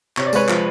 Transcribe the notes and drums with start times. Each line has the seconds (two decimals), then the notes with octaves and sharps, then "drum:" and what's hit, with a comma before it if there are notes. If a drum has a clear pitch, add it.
0.17 C3 C#5, drum: clap
0.26 D5
0.33 G#3 B4 C#5, drum: tambourine
0.49 F3, drum: clap